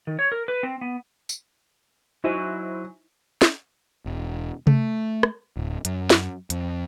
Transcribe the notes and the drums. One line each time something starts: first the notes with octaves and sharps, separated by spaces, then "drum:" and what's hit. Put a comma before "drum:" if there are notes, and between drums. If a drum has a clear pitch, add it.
D#3
C#5
A#4
B4
C4
B3
drum: tambourine
F#3 D#4 E4 F#4 C5 G#5
drum: snare
E1
A3, drum: tom C3
drum: rim click
D1
F#2, drum: hi-hat
drum: snare
F2, drum: hi-hat